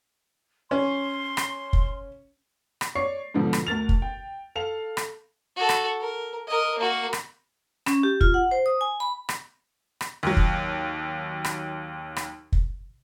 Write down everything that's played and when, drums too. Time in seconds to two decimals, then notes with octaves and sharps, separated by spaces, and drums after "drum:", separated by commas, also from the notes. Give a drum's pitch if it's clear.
0.71 C#4 C6
1.37 drum: rim click
1.73 drum: kick
2.81 drum: rim click
2.95 C#5 D5 C#6 C7
3.34 G#2 B2 D3 F3
3.53 drum: rim click
3.67 D2 A#4 A6 F7
3.89 drum: kick
4.02 G5
4.55 A4 F5 F7
4.97 drum: rim click
5.56 F#4 A4
5.69 drum: rim click
6.00 A#4
6.48 A#4 D#5
6.78 A#3 F#4
7.13 drum: rim click
7.86 C#4, drum: rim click
8.03 G4
8.21 F4, drum: kick
8.34 F#5
8.51 C5
8.66 D#6
8.81 G#5
9.00 B5
9.29 drum: rim click
10.01 drum: rim click
10.23 D#2 F#3
10.37 drum: kick
11.45 drum: rim click
12.16 drum: rim click
12.52 drum: kick